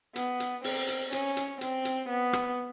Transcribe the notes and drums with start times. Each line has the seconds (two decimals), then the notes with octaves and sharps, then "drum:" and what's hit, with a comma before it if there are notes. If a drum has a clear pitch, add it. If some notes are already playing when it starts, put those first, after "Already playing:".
0.16 B3, drum: hi-hat
0.40 drum: hi-hat
0.64 C4, drum: open hi-hat
0.88 drum: hi-hat
1.12 C#4, drum: hi-hat
1.37 drum: hi-hat
1.61 C4, drum: hi-hat
1.85 drum: hi-hat
2.09 B3
2.33 drum: rim click